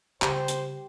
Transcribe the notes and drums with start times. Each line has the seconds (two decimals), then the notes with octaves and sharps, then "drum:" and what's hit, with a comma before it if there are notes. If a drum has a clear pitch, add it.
0.22 C#3 G4 C5, drum: clap
0.48 drum: hi-hat